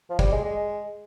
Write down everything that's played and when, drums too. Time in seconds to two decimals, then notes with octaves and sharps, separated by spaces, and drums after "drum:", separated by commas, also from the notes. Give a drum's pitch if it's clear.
0.10 F3
0.19 G3, drum: kick
0.32 G#3
0.45 G#3